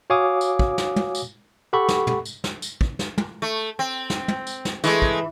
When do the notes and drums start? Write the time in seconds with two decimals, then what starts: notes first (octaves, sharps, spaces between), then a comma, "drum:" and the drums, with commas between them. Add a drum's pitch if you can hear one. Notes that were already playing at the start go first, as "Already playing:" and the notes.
0.10 F#4 C#5 F5 G#5 D6 D#6
0.41 drum: tambourine
0.59 drum: kick
0.78 drum: snare
0.96 drum: tom
1.15 drum: tambourine
1.73 G4 A4 F#5 B5 C#6
1.89 drum: snare
2.07 drum: tom
2.25 drum: tambourine
2.44 drum: snare
2.62 drum: tambourine
2.81 drum: kick
2.99 drum: snare
3.18 drum: tom
3.42 A3
3.79 C4
4.10 drum: snare
4.28 drum: tom
4.47 drum: tambourine
4.65 drum: snare
4.84 E3 G#3 A3, drum: tambourine
5.02 drum: kick